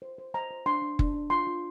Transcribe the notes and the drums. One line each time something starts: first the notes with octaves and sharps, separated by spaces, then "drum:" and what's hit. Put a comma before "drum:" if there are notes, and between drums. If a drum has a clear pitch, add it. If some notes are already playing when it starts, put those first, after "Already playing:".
C5
C5
C5 A#5
C5
D4 C6
D4
D4, drum: kick F#1
D4
F4 C6
F4